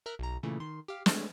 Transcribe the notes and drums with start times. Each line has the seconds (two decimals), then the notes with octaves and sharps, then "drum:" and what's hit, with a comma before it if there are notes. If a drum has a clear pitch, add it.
0.06 A#4 E5 A#5 F6 F#6
0.19 B1 A#5
0.43 A#2 C#3 E3 A3
0.60 D#3 C6
0.88 G4 F5
1.06 G#3 A3 D4 C#5, drum: snare